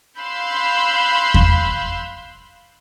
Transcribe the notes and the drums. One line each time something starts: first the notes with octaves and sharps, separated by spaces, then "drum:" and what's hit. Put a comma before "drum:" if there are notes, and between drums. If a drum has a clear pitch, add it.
F5 B5 C6 E6 F#6 G6
drum: kick E2